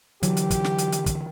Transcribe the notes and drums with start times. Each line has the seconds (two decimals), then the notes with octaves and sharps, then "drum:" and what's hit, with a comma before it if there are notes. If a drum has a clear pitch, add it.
0.23 D3 E3 F#3 G4, drum: hi-hat
0.37 drum: hi-hat
0.51 drum: kick, hi-hat
0.64 drum: snare
0.78 drum: hi-hat
0.92 drum: hi-hat
1.06 drum: kick, hi-hat